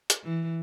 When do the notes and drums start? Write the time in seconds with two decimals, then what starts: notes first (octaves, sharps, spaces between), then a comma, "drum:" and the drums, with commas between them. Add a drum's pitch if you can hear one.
0.10 drum: hi-hat
0.23 E3